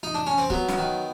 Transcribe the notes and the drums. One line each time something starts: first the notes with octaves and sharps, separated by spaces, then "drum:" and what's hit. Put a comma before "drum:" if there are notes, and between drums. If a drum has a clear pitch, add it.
D#4
D4
C#4
C4
F#3 B3, drum: kick C#1
drum: snare
D#3